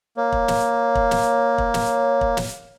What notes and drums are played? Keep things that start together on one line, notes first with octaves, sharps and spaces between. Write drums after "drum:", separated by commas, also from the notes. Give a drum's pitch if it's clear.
A#3 C#5
drum: kick
drum: snare
drum: kick
drum: snare
drum: kick
drum: snare
drum: kick
drum: snare